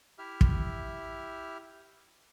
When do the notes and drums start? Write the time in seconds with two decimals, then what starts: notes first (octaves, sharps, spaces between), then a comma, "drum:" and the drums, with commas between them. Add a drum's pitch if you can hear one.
0.18 E4 G4 E5 F6
0.41 drum: kick